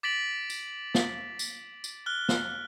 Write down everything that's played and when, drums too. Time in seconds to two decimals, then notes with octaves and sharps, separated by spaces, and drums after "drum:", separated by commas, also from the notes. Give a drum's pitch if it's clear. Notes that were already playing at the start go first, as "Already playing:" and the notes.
0.03 D6 A6 B6 D7 F#7
0.50 drum: tambourine
0.95 drum: snare
1.39 drum: tambourine
1.84 drum: tambourine
2.06 F6 F#6 G7
2.29 drum: snare